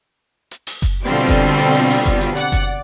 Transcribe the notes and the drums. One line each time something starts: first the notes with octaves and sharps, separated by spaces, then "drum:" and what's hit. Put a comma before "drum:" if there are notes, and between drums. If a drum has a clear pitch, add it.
drum: hi-hat
drum: open hi-hat
drum: kick F#1, hi-hat
B2 D3 G3 C4 F4
drum: kick F#1, hi-hat
drum: hi-hat
drum: hi-hat
drum: open hi-hat
drum: kick F#1, hi-hat
drum: hi-hat
D5 F#5, drum: hi-hat
drum: kick F#1, hi-hat